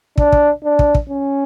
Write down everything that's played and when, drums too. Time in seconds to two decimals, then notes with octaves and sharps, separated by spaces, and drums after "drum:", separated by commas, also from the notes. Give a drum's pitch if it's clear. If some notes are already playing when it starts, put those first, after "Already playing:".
0.18 D4, drum: kick
0.32 drum: kick
0.64 D4
0.79 drum: kick
0.95 drum: kick
1.09 C#4